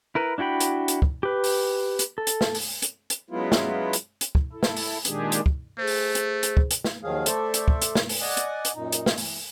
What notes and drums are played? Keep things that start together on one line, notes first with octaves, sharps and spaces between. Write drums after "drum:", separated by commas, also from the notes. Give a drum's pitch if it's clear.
E4 A#4 B4
D4 E4 F#4 G5 B5
drum: hi-hat
drum: hi-hat
drum: kick
G4 B4
drum: open hi-hat
drum: hi-hat
A4
drum: hi-hat
drum: snare
drum: open hi-hat
drum: hi-hat
drum: hi-hat
C#3 F#3 G#3 B3 E4 F4
drum: snare
drum: hi-hat
drum: hi-hat
drum: kick
E4 A4
drum: snare
drum: open hi-hat
A#2 D#3 G#3 D4 G4 G#4, drum: hi-hat
drum: hi-hat
drum: kick
A3 G#4 C5
drum: open hi-hat
drum: hi-hat
drum: hi-hat
drum: kick
drum: hi-hat
drum: snare
D#2 D#3 F3 F#3 G#4 F5
A3 A4 C5 D5 E5, drum: hi-hat
drum: hi-hat
drum: kick
drum: hi-hat
drum: snare
drum: open hi-hat
D5 D#5 F#5 G#5
drum: hi-hat
drum: hi-hat
F#2 A#2 D#4
drum: hi-hat
drum: snare
E3, drum: open hi-hat